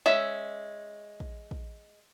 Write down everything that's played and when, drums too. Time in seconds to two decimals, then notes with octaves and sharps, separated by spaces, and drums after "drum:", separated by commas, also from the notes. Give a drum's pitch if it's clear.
0.06 G#3 C#4 E5
1.20 drum: kick
1.51 drum: kick